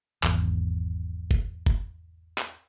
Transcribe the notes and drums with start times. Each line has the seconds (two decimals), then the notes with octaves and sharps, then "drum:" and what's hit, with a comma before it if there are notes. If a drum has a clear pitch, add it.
0.23 G#1 E2, drum: clap
1.31 drum: kick
1.66 drum: kick
2.38 drum: clap